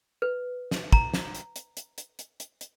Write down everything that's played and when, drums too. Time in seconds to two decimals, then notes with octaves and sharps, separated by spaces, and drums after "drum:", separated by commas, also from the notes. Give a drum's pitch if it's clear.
0.22 B4
0.71 drum: snare
0.92 A#5, drum: kick
1.14 drum: snare
1.35 drum: hi-hat
1.56 drum: hi-hat
1.77 drum: hi-hat
1.98 drum: hi-hat
2.19 drum: hi-hat
2.40 drum: hi-hat
2.61 drum: hi-hat